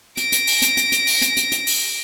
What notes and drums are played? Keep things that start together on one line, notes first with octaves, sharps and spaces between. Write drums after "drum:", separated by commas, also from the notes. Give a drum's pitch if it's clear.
A#6 D7, drum: hi-hat
drum: hi-hat
drum: open hi-hat
drum: hi-hat
drum: hi-hat
drum: hi-hat
drum: open hi-hat
drum: hi-hat
drum: hi-hat
drum: hi-hat
drum: open hi-hat